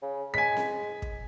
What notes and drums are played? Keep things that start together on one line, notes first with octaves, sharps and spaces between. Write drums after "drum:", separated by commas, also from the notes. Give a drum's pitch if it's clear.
C#3
G#3 G#5 B6
drum: snare C4
drum: kick